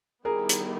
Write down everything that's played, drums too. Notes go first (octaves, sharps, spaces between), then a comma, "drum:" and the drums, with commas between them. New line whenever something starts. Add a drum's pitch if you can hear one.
D#3 G3 B3 E4 G4 G#4 A#4
drum: hi-hat